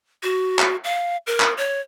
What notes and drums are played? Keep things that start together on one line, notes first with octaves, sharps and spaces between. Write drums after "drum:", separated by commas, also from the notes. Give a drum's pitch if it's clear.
F#4
drum: clap
F5
A#4
drum: clap
C#5